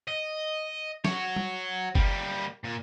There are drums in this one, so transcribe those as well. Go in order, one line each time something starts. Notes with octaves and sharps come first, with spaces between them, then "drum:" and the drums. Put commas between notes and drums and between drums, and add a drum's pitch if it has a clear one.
D#5
F#4 C#5, drum: snare
drum: tom
G3 A#3, drum: kick F#1
A#2